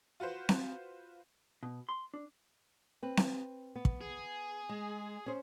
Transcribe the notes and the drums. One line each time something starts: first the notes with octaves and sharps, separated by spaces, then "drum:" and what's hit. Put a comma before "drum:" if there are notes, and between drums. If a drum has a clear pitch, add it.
F4 F#4 B4 C5
drum: snare C4
B2
C6
D4
C4 B4
drum: snare C4
B3
drum: kick
G#4
G#3
C#4 C5